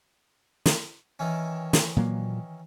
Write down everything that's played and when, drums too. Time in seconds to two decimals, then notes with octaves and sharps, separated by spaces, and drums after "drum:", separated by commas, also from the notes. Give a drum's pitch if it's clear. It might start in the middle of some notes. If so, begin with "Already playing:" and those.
0.66 drum: snare
1.19 D#3 E3 C#4
1.73 drum: snare
1.96 A#2 F#3 A#3